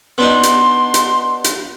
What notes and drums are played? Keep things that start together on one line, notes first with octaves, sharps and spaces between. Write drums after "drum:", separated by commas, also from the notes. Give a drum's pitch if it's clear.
B3 D4 D#4 C6
drum: hi-hat
drum: hi-hat
drum: hi-hat